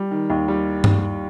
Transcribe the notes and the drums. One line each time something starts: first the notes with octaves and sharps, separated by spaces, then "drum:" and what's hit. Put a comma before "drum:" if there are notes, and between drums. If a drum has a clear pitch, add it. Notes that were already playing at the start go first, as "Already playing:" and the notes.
Already playing: G3
D#3
D#2
G3
drum: tom G2